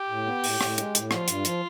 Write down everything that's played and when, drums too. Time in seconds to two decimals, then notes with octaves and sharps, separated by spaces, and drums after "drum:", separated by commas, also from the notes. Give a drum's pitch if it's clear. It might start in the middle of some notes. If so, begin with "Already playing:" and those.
Already playing: G4
0.09 A2
0.26 B3
0.44 A2, drum: open hi-hat
0.61 A2, drum: rim click
0.78 G#3, drum: hi-hat
0.95 A2, drum: hi-hat
1.11 F3 F4, drum: rim click
1.28 G2, drum: hi-hat
1.45 F3, drum: hi-hat